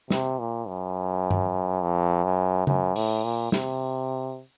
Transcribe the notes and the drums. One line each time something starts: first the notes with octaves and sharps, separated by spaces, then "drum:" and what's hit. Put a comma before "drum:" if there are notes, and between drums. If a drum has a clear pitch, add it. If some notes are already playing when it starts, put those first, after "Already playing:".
C3, drum: snare
A#2
F#2
drum: tom G2
F2
F#2
F#2, drum: tom C#3
A2, drum: open hi-hat
A#2
C3, drum: snare